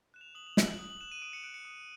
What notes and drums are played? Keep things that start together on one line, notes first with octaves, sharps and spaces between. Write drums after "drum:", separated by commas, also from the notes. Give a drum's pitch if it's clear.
F#6 E7
F7
D#6 F#7
F7
F#6, drum: snare
F#7
D#6 F#7
F#7
F#6 E7
D#7
D#6 D7
C#7
F#6 D7
C#7
D#6